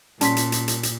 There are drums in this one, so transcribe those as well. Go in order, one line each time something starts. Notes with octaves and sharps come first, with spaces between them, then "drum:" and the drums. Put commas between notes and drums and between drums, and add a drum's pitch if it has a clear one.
A#2 G3 C#4 A5 C6 B6, drum: hi-hat
drum: hi-hat
drum: hi-hat
drum: hi-hat
drum: hi-hat